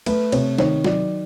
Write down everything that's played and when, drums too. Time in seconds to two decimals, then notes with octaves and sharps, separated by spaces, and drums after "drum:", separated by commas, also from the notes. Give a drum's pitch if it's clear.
0.06 A3 B4, drum: cymbal
0.32 C3 C#5, drum: cymbal
0.58 D#3 C#5, drum: snare
0.84 F#3 D5, drum: snare